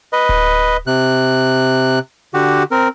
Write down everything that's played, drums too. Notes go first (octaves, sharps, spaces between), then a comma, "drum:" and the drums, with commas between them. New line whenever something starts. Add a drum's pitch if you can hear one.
B4 D#5
drum: kick D1
C3 F#6
D3 F#4 G4
C4 A#4